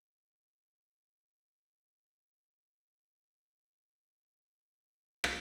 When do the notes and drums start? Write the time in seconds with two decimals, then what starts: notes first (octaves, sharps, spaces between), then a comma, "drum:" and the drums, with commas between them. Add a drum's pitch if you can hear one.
0.22 G5
0.31 G4 A#5
0.47 G2
0.61 F3
0.77 A#3
0.90 G4 G5
1.06 G2
1.20 F3
1.34 A#3 A#5
1.50 C4 G5
1.64 G1
1.79 G2
1.95 G3
2.01 G5
2.08 C4 F5
2.23 G1
2.38 G2 G5
2.54 G3
2.67 C5 F5
2.83 A#2
2.97 A#3 G5
3.12 G4
3.26 C5
3.42 A#2
3.57 A#3
3.71 G4
3.87 D#4
4.01 C3
4.16 F3
4.31 C4
4.45 D#4 A#5
4.60 C3
4.74 F3
4.90 C4
5.04 G2 A#5
5.24 drum: rim click